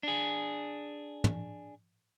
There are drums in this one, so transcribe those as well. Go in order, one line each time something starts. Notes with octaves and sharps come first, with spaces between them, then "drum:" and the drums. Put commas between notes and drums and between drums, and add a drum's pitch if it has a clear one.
D4 G#4
drum: tom